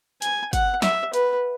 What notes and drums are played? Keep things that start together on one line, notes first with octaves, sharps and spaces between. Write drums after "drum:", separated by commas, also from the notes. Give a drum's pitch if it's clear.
G#5, drum: hi-hat
F#5, drum: kick, hi-hat
E5, drum: snare
B4, drum: hi-hat